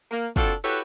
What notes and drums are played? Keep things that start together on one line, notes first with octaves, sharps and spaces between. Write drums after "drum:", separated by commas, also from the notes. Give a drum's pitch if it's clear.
A#3
C4 D4 F4 F#4 A4, drum: kick, hi-hat
E4 F#4 G4 A4 B4 C#5